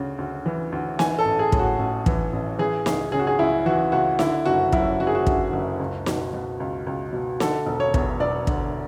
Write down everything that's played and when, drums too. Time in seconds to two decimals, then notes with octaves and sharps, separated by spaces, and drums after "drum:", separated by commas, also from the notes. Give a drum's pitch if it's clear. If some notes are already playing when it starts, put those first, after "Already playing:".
Already playing: D2 C#3
0.18 D2
0.46 E3
0.72 D2
0.99 E3 G#5, drum: snare
1.19 A4
1.25 A1
1.39 G#4
1.52 A2, drum: kick
1.59 F#4
1.79 A1
2.06 E3, drum: kick
2.33 A1
2.59 E3 G#4
2.86 C#2 G#4, drum: snare
3.12 C#3 G#4
3.19 F#4
3.27 G#4
3.39 C#2 E4
3.66 E3 F#4
3.92 C#2 F#4
4.19 D3 E4, drum: snare
4.46 F#1 F#4
4.72 F#2 E4, drum: kick
5.00 F#1 F#4
5.07 G#4
5.15 F#4
5.26 D3, drum: kick
5.53 F#1
5.80 C#2
6.06 B2, drum: snare
6.33 B2
6.60 C#2
6.87 C#2
7.13 B2
7.40 D3 A4, drum: snare
7.66 E1
7.80 C#5
7.94 E2, drum: kick
8.20 E1 D5
8.47 D3, drum: kick